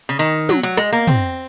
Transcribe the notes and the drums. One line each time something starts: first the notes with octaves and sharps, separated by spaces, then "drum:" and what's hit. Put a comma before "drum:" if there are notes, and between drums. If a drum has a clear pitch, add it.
C#3
D#3, drum: hi-hat
F#3, drum: tom
F#3
G#3, drum: rim click
A#3
C4, drum: tom